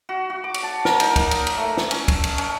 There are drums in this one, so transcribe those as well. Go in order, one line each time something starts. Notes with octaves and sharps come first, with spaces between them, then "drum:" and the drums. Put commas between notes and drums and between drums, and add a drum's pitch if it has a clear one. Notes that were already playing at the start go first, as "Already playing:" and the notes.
F#4
F#4
D6
drum: cymbal
A5
A#4, drum: snare
D#4, drum: cymbal
A#3, drum: kick, cymbal
drum: cymbal
drum: cymbal
A3
drum: snare
C#4, drum: cymbal
drum: kick, cymbal
drum: cymbal
C#4, drum: cymbal